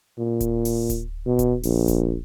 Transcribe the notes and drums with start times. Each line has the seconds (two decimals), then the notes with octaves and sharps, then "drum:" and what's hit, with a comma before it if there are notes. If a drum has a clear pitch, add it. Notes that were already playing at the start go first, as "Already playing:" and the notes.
0.19 A#2
0.40 drum: kick D1, hi-hat
0.65 drum: open hi-hat
0.90 drum: kick D1, hi-hat
1.26 B2
1.39 drum: kick D1, hi-hat
1.63 A#1, drum: open hi-hat
1.88 drum: kick D1, hi-hat